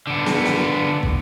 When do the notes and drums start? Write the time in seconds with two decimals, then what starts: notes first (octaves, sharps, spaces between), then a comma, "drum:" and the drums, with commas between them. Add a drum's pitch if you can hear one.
0.07 D3 B3
0.26 drum: snare
0.45 drum: snare
1.03 drum: kick